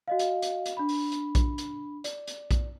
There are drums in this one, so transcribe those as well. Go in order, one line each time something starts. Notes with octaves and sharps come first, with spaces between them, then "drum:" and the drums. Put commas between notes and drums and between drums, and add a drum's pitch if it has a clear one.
F#4 D#5 F5
drum: hi-hat
drum: hi-hat
drum: hi-hat
D4 B5
drum: open hi-hat
drum: hi-hat
drum: kick A#1, hi-hat
drum: hi-hat
D5, drum: hi-hat
drum: hi-hat
drum: kick A#1, hi-hat